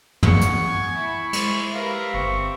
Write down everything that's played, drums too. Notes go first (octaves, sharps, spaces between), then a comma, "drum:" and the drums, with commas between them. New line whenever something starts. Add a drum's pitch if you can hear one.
B3 G#4 C#6, drum: tom
drum: hi-hat
G#5
E4 C#6
G#3 C5, drum: cymbal
G4 A#4 B4 E5 F5
G1 C4 C#6